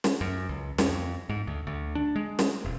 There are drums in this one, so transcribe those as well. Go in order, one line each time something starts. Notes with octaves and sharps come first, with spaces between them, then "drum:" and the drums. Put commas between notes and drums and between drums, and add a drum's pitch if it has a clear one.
drum: snare
F#2
C#2
F2, drum: snare
G#2
D2
D2
D4
G#3
drum: snare
E1